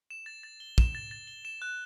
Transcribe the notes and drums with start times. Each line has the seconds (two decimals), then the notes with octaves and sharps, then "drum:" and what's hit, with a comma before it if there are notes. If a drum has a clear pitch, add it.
0.10 E7
0.26 A6
0.43 A6
0.60 G7
0.78 E7, drum: kick
0.95 A6
1.11 A6
1.27 G7
1.45 E7
1.62 F#6